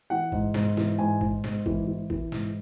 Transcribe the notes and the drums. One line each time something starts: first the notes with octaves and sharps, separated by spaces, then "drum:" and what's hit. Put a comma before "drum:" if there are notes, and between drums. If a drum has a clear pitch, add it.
E3 F#5
G#2, drum: kick
G#2, drum: snare
E3, drum: snare
G#2 G#5
G#2, drum: kick
G#2, drum: snare
E3, drum: kick
E3
E3, drum: kick
G#2, drum: snare